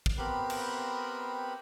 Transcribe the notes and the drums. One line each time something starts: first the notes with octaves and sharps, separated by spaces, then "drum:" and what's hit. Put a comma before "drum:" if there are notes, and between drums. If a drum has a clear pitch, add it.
drum: kick
B3 C4 G4 A#4 B5 F#6
drum: cymbal